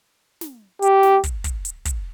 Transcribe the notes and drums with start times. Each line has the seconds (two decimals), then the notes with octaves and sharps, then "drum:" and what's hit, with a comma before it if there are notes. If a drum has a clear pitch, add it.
0.41 drum: snare
0.82 G4, drum: hi-hat
1.03 drum: snare
1.24 drum: kick, hi-hat
1.44 drum: kick, hi-hat
1.65 drum: hi-hat
1.85 drum: kick, hi-hat